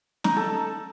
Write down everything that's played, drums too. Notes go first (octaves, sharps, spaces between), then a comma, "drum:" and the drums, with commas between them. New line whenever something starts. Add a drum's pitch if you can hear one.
D#4, drum: snare
A4